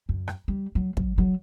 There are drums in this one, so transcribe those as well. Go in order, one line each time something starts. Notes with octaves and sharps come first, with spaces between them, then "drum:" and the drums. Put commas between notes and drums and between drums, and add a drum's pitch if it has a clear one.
F#2
drum: rim click
G3
F#3
F#3, drum: kick
F#3